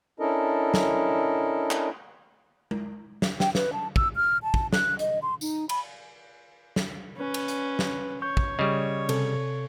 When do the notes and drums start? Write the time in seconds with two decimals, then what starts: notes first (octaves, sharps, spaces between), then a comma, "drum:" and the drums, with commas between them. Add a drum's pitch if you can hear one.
0.20 C#4 D4 E4 A4 A#4 D#5
0.74 drum: snare
1.71 drum: clap
2.71 drum: tom G#3
3.22 drum: snare
3.40 G5, drum: snare
3.55 B4, drum: snare
3.73 A5
3.96 E6, drum: kick
4.16 F6
4.43 A5
4.54 drum: kick
4.73 F#6, drum: snare
4.99 D#5, drum: hi-hat
5.22 C6
5.41 D#4, drum: tambourine
5.69 B5, drum: cymbal
6.76 drum: snare
7.17 C#4 B4
7.34 drum: cymbal
7.48 drum: hi-hat
7.79 drum: snare
8.22 C#5 C#6 G6
8.37 drum: kick
8.59 C#3 G3 D#5
9.09 C3 A4, drum: cymbal